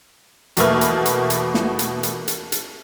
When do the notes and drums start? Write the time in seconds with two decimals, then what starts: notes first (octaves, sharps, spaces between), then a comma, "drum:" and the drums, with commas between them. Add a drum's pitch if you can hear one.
0.57 E2 B2 A3 A#3 B4 F6, drum: hi-hat
0.81 drum: hi-hat
1.06 drum: hi-hat
1.30 drum: hi-hat
1.54 drum: snare
1.79 drum: hi-hat
2.03 drum: hi-hat
2.28 drum: hi-hat
2.52 drum: hi-hat